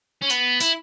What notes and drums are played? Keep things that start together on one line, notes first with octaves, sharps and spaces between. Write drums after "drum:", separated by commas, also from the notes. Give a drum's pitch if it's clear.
C#4
B3, drum: tambourine
E4, drum: tambourine